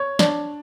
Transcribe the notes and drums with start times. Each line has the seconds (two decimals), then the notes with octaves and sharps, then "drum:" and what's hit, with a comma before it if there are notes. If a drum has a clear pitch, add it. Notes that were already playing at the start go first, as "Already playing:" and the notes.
Already playing: C#5
0.19 D4, drum: snare